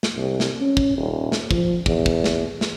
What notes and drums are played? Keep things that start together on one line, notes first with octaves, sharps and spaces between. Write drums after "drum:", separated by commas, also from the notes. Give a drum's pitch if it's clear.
drum: snare
C2
drum: snare
C#4
drum: kick
D#1
drum: snare
F3, drum: kick
E2, drum: kick
drum: kick
drum: snare
drum: snare